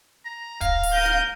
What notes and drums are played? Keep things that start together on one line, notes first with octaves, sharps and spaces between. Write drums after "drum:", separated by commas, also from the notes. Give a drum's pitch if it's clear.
A#5
D1 F5, drum: kick, hi-hat
drum: open hi-hat
A#4 G6 D#7
drum: snare